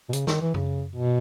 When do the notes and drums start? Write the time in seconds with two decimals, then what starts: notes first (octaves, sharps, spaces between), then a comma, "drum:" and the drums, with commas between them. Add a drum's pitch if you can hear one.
0.09 B2
0.13 C#3, drum: hi-hat
0.27 D#3, drum: snare
0.41 E3
0.54 C#3, drum: tom F#2
0.96 B2